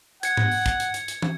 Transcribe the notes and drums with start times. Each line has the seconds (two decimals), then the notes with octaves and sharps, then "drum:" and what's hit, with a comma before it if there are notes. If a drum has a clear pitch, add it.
0.23 F#5 G#6 C#7, drum: hi-hat
0.37 drum: tom G#2
0.52 drum: open hi-hat
0.66 drum: kick, hi-hat
0.80 drum: hi-hat
0.94 drum: hi-hat
1.08 drum: hi-hat
1.22 drum: tom